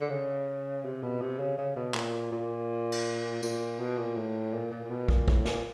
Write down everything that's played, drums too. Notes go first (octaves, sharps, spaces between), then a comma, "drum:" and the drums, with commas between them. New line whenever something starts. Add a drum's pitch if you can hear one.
D3
C#3
C3
B2
C3
C#3
C#3
B2
A#2, drum: clap
A#2
drum: cymbal
A#2, drum: tambourine
B2
A#2
A2
A#2
A#2
A#2
B2
A#2, drum: kick
A2, drum: kick
A#2, drum: snare